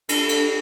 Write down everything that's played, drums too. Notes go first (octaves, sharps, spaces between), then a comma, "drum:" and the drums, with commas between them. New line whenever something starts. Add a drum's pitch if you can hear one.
D4 A4, drum: cymbal
D4, drum: cymbal